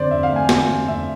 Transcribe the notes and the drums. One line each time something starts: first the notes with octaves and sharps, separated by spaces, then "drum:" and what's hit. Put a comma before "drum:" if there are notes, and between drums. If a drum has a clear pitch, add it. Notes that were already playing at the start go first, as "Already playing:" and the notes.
Already playing: F2 D3 C5 D5
F2 E5
F5
A3
G#5
F2, drum: snare
A3
F2 E5